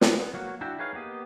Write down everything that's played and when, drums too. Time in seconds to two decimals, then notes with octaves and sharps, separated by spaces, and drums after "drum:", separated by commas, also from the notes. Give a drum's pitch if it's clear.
0.01 B3, drum: snare
0.33 F#3 A#3 F#4 C#5
0.61 D4 E4 F#4 E5 G5
0.79 D#4 G#4 B4 C#5 F5
0.93 A#3 B3 G4 D#5